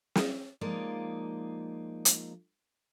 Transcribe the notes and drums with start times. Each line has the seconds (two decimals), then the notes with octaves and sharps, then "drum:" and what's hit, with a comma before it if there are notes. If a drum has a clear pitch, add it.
0.15 drum: snare
0.61 F3 G#3 A#3 D#4 F4 D5
2.05 drum: hi-hat